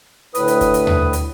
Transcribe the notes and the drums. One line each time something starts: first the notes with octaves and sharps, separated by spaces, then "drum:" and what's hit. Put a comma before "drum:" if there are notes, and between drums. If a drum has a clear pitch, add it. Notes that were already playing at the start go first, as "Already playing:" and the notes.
D2 A2 B4 D#6, drum: hi-hat
drum: hi-hat
drum: kick, hi-hat
drum: hi-hat
drum: tom D#2
drum: hi-hat